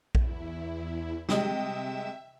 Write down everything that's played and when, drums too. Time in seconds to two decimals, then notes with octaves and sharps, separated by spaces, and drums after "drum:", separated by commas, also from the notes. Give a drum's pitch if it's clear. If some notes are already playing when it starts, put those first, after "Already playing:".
0.15 E2 E4, drum: kick A#1
1.29 C3 G3 G#3 D#5 E5 E7, drum: snare